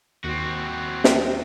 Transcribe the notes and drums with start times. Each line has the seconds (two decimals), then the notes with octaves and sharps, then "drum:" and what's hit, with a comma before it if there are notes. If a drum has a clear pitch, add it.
0.24 D#2 C4 F#4
1.04 drum: snare